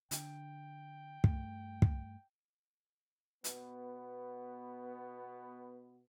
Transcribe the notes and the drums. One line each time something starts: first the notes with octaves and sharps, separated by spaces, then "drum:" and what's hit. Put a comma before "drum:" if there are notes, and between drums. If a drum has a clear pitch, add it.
D3 G5, drum: hi-hat
G2 A3, drum: kick
drum: kick
B2 B3, drum: hi-hat